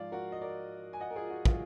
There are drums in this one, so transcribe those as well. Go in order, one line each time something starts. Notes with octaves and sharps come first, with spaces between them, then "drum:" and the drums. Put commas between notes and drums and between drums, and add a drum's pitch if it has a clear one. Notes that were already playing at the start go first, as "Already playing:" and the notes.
Already playing: G#2 F3 D5 F5
F#4 A#4
D#5
A#4 D5
G#5
D#5 F#5
A#4
F4 G#4
F#4
F4, drum: kick